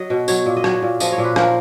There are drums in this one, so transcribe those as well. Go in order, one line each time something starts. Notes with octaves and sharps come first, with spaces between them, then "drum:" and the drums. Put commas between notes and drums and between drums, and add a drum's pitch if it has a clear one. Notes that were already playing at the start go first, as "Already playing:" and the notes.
Already playing: F#3 D#5
B2
F#3 C#5, drum: tambourine
A#2
D#5
F#3 C#5, drum: rim click
A#2
F3 D#5, drum: tambourine
C#5
A#2
B4
F3 A#4, drum: rim click